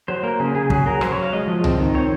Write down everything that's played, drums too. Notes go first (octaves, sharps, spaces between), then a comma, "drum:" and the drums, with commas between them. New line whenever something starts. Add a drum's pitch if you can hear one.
F#3 C5
A#3 A#4
C#3 G#4
C#3 G#4
F#3 G#4, drum: kick
F#3 A#4
F#3 C5, drum: rim click
C#5
F#3 F5
G#3 D#5
F3
C4, drum: tom C2
D#3
C4 C#5